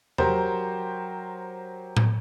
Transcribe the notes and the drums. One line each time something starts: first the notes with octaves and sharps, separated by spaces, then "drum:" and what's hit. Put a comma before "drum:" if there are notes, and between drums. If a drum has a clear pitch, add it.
F#3 G4 A#4 C5, drum: tom
drum: tom A2